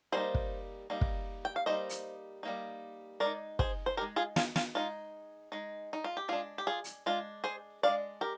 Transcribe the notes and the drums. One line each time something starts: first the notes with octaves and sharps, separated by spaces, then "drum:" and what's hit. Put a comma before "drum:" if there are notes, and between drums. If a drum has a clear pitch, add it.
G3 A#3 D#4 G#4 C5
drum: kick
G3 A#3 D#4
drum: kick
G5
F5
G3 A#3 D#4 C5 D#5
drum: hi-hat
G3 A#3 D#4
G#3 A#4 D5
D#4
G#4 C5, drum: kick
C5
G#3 D#4 G4 A#4
F4 G#4
F4 G#4, drum: snare
F4, drum: snare
G#3 D#4 F4
G#3 D#4
D#4
F4
G4
G#3 D4 F4 G#4
G4
F4 G#4
drum: hi-hat
G#3 D4 F4
G#4 C5
G#3 D4 D5 F5
G4 A#4